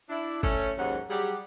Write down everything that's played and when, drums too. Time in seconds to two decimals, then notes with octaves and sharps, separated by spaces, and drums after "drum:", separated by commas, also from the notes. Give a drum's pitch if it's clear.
0.09 D4 E4
0.43 A3 C#4, drum: kick G1
0.78 D#2 G#2 F#3 C#4 F#5
1.10 F#3 G3 G4 G#4 F#5